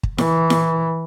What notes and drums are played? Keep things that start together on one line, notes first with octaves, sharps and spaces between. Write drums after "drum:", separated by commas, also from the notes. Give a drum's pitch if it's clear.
drum: kick
E3, drum: snare E4
drum: snare E4